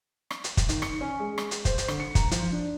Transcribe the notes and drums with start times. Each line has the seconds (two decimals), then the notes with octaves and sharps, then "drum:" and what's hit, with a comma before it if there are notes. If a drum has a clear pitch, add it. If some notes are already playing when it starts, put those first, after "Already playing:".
0.31 drum: rim click
0.44 drum: hi-hat
0.57 drum: kick, hi-hat
0.69 D#3, drum: hi-hat
0.82 C#7, drum: rim click
1.01 C#4
1.20 G#3
1.38 drum: rim click
1.51 drum: hi-hat
1.65 C5, drum: kick, hi-hat
1.78 drum: hi-hat
1.88 D3, drum: rim click
2.00 C#7
2.15 A#5, drum: kick, hi-hat
2.31 F3, drum: hi-hat
2.52 D4